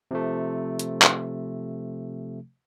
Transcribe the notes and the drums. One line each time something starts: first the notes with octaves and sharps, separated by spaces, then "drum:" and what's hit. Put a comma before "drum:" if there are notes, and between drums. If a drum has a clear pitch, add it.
C3 F3 A3
drum: hi-hat
drum: clap